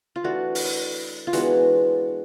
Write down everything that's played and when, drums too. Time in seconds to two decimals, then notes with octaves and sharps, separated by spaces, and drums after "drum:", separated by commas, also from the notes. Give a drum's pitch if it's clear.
0.16 F4
0.23 E3 A3 D4 F#4
0.55 drum: open hi-hat
1.27 F4
1.33 E3 G#3 B3 D4 F#4, drum: hi-hat